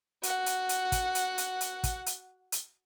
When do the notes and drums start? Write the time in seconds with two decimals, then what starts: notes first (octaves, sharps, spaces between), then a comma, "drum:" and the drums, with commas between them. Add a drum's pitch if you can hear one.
0.23 F#4 F#5, drum: hi-hat
0.46 drum: hi-hat
0.69 drum: hi-hat
0.92 drum: kick, hi-hat
1.15 drum: hi-hat
1.38 drum: hi-hat
1.61 drum: hi-hat
1.84 drum: kick, hi-hat
2.06 drum: hi-hat
2.52 drum: hi-hat